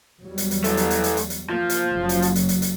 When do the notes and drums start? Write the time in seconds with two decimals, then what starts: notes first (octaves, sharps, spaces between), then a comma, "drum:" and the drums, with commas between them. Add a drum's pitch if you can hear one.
0.20 E2 F#3 G3
0.38 drum: hi-hat
0.51 drum: hi-hat
0.64 E3 A3, drum: hi-hat
0.77 drum: hi-hat
0.90 drum: hi-hat
1.04 drum: hi-hat
1.17 drum: hi-hat
1.30 drum: hi-hat
1.49 F3 A#3
1.70 drum: hi-hat
1.93 F#1 F#3
2.09 drum: hi-hat
2.22 drum: hi-hat
2.35 drum: hi-hat
2.49 drum: hi-hat
2.62 drum: hi-hat